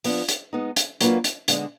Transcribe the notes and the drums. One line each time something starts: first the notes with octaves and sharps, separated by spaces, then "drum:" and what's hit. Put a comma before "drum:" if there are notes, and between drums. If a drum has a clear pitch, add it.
F3 B3 D4, drum: open hi-hat
drum: hi-hat
G#3 B3 D#4
drum: hi-hat
F#3 A#3 D4 F4 B4, drum: hi-hat
drum: hi-hat
D3 G#3 B3 D4, drum: hi-hat